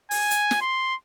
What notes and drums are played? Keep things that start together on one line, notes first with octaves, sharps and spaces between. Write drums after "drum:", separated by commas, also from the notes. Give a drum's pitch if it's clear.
G#5, drum: open hi-hat
drum: hi-hat
drum: snare
C6